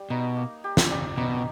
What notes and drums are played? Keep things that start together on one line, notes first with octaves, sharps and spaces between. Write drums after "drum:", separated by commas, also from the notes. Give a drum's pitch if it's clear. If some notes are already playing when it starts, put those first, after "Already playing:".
Already playing: G3
B2 D#4
A#3
G4
drum: snare
G3
B2 D#4